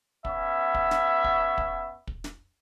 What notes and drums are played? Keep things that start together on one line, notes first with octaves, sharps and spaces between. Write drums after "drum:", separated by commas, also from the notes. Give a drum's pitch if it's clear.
B3 C#4 E5, drum: kick
drum: kick
drum: snare
drum: kick
drum: kick
drum: kick
drum: snare